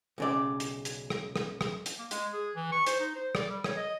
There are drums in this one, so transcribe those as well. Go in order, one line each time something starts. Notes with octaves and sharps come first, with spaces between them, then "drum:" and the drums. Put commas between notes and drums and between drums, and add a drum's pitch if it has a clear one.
B1 C#3 D5
drum: hi-hat
drum: hi-hat
drum: rim click
drum: rim click
drum: rim click
drum: hi-hat
A#3
G#3, drum: hi-hat
G#4
E3
C#6
C5, drum: hi-hat
D#4
C5
D5, drum: rim click
G3
C#5, drum: rim click
D#5